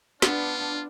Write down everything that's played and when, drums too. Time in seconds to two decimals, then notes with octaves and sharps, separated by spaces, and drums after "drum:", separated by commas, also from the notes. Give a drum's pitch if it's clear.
0.22 B3 D4 F4, drum: snare